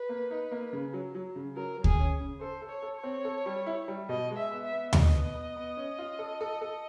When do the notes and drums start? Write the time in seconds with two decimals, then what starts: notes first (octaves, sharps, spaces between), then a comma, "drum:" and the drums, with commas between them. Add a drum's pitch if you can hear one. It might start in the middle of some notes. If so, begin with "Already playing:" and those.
Already playing: B4
0.09 A#3
0.31 D#4
0.52 A#3
0.73 C#3
0.94 F#3
1.15 F#3
1.36 C#3
1.56 F#3 A#4
1.78 F#3
1.84 G#4, drum: kick D2
1.99 C#4
2.20 C#3
2.40 A4 C5
2.62 A4
2.68 C#5
2.83 A4
2.97 C#5
3.04 C4
3.25 A4
3.46 G3
3.66 E4
3.88 G3
4.09 B2 D#5
4.31 G#3
4.36 E5
4.51 B3
4.64 E5
4.72 B3
4.93 B2 D#5, drum: tom D#2
5.14 B3
5.35 B3
5.56 B3
5.77 C#4
5.98 F4
6.19 A4
6.41 A4
6.61 A4